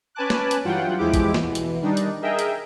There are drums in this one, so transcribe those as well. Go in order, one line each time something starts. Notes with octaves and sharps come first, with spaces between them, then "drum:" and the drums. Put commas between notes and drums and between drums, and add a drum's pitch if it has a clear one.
C#4 B4 G#5 A5 D6 F#6
drum: snare
drum: hi-hat
G2 E3 F#3 F4 F#5 G5
E2 F3 G#3 E4 G4 D6
drum: kick, hi-hat
B2 E3, drum: snare
drum: hi-hat
D#3 G3 D4 D#4
drum: hi-hat
G#4 A#4 D#5 E5 G5
drum: hi-hat